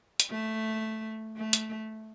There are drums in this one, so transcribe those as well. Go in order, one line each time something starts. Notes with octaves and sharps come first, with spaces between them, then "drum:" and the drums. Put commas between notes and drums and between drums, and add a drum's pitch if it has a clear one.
drum: hi-hat
A3
A3
drum: hi-hat